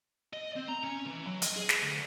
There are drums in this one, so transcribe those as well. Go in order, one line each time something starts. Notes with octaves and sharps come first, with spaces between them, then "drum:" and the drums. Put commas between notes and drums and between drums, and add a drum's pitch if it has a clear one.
D#5
C4
A#5
C#4
E3
F#3
D#5, drum: hi-hat
G#4
drum: snare
D2